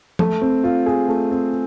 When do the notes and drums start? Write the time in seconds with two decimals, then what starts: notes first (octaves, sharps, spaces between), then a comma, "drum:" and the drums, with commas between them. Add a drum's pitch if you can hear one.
0.19 A3, drum: tom F3
0.42 C4
0.64 F4
0.86 G#4
1.08 A3
1.31 C4